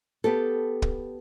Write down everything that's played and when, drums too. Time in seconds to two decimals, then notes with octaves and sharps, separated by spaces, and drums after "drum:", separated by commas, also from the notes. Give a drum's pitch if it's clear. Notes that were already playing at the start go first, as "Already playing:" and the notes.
0.24 B3 G4 A4
0.82 drum: kick